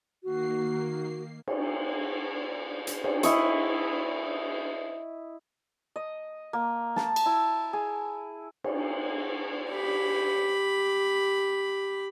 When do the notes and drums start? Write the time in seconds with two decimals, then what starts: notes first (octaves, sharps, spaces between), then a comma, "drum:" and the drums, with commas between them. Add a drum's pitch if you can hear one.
0.23 D#3 A#3 F#4 C7
1.47 drum: cymbal
2.87 drum: hi-hat
3.04 drum: cymbal
3.23 E4 D#5 C#6, drum: hi-hat
5.96 D#5
6.53 A#3
6.96 A5, drum: snare
7.16 drum: cymbal
7.26 E4
7.73 G#4
8.64 drum: cymbal
9.72 G4 B5